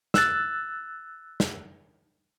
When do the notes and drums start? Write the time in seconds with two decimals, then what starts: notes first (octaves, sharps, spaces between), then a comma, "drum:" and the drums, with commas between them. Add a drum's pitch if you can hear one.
0.14 E6 F#6 A6, drum: snare
1.40 drum: snare